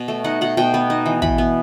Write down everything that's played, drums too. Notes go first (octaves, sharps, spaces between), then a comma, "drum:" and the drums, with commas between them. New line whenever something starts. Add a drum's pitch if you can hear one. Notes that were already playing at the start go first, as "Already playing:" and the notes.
Already playing: B2
A3
D#4 F#5
B2 F#5
B2 G5
B3
D#4
E3
E3 B5, drum: kick
B3